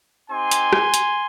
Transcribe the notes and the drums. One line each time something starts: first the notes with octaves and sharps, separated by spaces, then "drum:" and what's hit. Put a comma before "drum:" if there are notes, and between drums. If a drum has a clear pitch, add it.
C4 D#4 G4 G#5 C6
drum: hi-hat
drum: rim click
drum: hi-hat